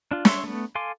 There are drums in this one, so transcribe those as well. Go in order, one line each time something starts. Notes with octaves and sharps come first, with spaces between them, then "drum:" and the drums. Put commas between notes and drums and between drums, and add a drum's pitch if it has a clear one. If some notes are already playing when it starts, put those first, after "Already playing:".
D4 F4
C#5 E5 C6, drum: snare
A3 B3
A4 F5 G#5 C6 D6